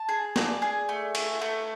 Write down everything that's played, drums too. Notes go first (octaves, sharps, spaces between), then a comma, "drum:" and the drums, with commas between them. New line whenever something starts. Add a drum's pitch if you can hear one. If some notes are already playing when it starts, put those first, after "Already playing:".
Already playing: A5
G#4
D5, drum: snare
G#4
A3
A3, drum: cymbal
A3